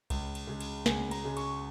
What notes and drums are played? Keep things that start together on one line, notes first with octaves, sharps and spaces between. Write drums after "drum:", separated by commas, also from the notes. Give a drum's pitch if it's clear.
C#2, drum: kick C2, cymbal
drum: cymbal
C#3 G#3
drum: cymbal
C#2 G#5, drum: snare
A#5, drum: cymbal
C#3 G#3
C#6, drum: cymbal